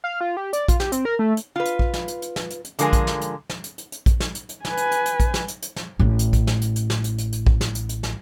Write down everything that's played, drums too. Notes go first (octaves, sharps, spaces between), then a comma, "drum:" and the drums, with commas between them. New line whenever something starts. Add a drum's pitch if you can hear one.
F5
F4
G4
D5, drum: hi-hat
F4, drum: kick A#1, hi-hat
G4, drum: snare
C4, drum: hi-hat
A#4
A3
drum: hi-hat
F4 B4
drum: hi-hat
drum: kick A#1
drum: snare
drum: hi-hat
drum: hi-hat
drum: snare
drum: hi-hat
drum: hi-hat
D3 F3 G#3 A#4 G#5, drum: hi-hat
drum: kick A#1, hi-hat
drum: snare
drum: hi-hat
drum: snare
drum: hi-hat
drum: hi-hat
drum: hi-hat
drum: kick A#1, hi-hat
drum: snare
drum: hi-hat
drum: hi-hat
B4 G#5, drum: snare
drum: hi-hat
drum: hi-hat
drum: hi-hat
drum: kick A#1, hi-hat
drum: snare
drum: hi-hat
drum: hi-hat
drum: snare
A1 C#4
drum: hi-hat
drum: kick A#1, hi-hat
drum: snare
drum: hi-hat
drum: hi-hat
drum: snare
drum: hi-hat
drum: hi-hat
drum: hi-hat
drum: kick A#1
drum: snare
drum: hi-hat
drum: hi-hat
drum: snare